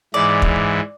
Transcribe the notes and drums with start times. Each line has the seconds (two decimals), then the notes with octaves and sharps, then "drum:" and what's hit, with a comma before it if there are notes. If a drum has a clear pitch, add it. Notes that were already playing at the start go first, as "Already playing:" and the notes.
0.14 G#2 E3 D5
0.42 drum: kick